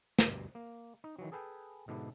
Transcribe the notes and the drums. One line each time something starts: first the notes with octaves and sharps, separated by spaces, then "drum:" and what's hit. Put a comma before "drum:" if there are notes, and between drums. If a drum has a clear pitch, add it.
D2 G2 B2, drum: snare
A#3
D#4
D#3 E3 F#3
G#4 A4 B4 G5 G#5
G#2 B2 D3 D4 E4